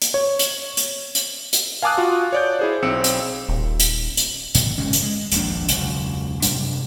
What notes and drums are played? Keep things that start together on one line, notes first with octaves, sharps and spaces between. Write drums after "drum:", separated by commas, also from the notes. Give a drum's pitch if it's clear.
drum: hi-hat
C#5
drum: hi-hat
drum: hi-hat
drum: hi-hat
drum: hi-hat
F5 G#5 A5 D6 D#6 F#6
F4 F#4
C#5 D5 G6
E4 G#4 C5
B1 C4 E6 C#7
drum: hi-hat
D#1
drum: hi-hat
drum: hi-hat
F#2 B2 E3, drum: hi-hat
G#1 C#3 G#3 C#4
drum: hi-hat
G#3
D#1 A#1 F2 D4, drum: hi-hat
E1 C#2 F#3, drum: hi-hat
F#2 C3 G3 D4, drum: hi-hat